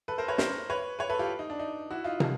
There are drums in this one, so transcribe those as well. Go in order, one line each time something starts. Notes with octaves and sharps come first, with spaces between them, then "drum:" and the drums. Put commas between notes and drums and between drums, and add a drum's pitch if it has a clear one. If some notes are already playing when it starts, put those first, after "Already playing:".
A4 B4
A#4 C5
B4 C#5
A#4 C5, drum: snare
B4 C#5
B4 C#5
A4 B4
F4 G4
D#4
D4
D#4
E4 F#4
D#4 F4
drum: tom